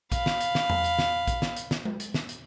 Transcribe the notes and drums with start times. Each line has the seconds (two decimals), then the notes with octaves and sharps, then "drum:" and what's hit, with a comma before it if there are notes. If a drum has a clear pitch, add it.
0.12 F5 B5, drum: kick A#1, hi-hat
0.26 drum: snare
0.41 drum: hi-hat
0.55 drum: snare
0.70 drum: tom E2
0.84 drum: hi-hat
0.99 drum: snare
1.27 drum: kick A#1, hi-hat
1.42 drum: snare
1.56 drum: hi-hat
1.71 drum: snare
1.85 drum: tom G#3
2.00 drum: hi-hat
2.14 drum: snare
2.29 drum: hi-hat